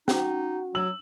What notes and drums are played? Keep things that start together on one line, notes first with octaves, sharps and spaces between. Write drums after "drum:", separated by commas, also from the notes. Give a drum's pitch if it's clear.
C#4 D#4 F#4 D6, drum: snare
F#3 E6 F#7